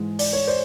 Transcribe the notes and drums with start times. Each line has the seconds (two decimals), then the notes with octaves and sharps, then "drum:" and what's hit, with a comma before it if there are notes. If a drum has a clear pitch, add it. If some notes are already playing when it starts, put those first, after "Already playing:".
Already playing: G#2 E3 G#3
0.19 D5, drum: open hi-hat
0.33 C#5
0.47 C5 D5